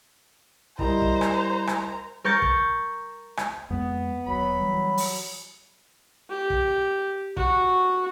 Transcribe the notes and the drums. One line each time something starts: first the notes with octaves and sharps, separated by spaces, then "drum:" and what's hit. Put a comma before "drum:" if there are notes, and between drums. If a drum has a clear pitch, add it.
G3 E4 A#4 C5 D#5 A#5 B5, drum: kick
drum: kick
drum: rim click
drum: rim click
A#4 C#6 G6 A6
drum: kick
drum: rim click
F2 G#3 A#3 B3
D1 D#2 F#3 B5
E3 G3
drum: open hi-hat
G4
drum: kick
F#4, drum: kick